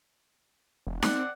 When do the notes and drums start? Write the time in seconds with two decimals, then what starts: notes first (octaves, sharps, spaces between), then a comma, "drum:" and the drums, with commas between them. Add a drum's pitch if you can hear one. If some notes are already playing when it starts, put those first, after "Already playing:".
0.87 E1
1.02 C4 D5 F#5, drum: snare D#4